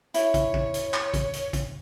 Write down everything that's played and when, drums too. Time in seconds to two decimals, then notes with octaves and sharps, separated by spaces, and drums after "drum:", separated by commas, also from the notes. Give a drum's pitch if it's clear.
0.14 E4 C#5, drum: hi-hat
0.34 drum: kick, hi-hat
0.54 drum: kick
0.74 drum: hi-hat
0.94 drum: clap
1.14 drum: kick, hi-hat
1.33 drum: hi-hat
1.53 drum: kick, hi-hat